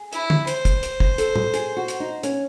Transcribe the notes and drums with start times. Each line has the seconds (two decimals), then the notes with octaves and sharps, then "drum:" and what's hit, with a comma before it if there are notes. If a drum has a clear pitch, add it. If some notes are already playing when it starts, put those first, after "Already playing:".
Already playing: G#4
0.13 E4, drum: hi-hat
0.30 drum: tom
0.47 C5, drum: hi-hat
0.65 drum: kick, hi-hat
0.83 drum: hi-hat
1.00 drum: kick
1.18 A4, drum: hi-hat
1.36 drum: tom A2
1.54 G#4, drum: hi-hat
1.77 F#4
1.88 drum: hi-hat
2.00 D#4
2.23 C#4, drum: hi-hat